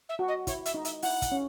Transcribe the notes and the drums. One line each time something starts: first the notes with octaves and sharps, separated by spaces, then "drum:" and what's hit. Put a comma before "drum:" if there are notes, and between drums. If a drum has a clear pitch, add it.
E5
F#4
D#5
E4 C#5, drum: kick, hi-hat
E5, drum: hi-hat
D#4
E5, drum: hi-hat
E4 F#5, drum: open hi-hat
drum: kick, hi-hat
C#4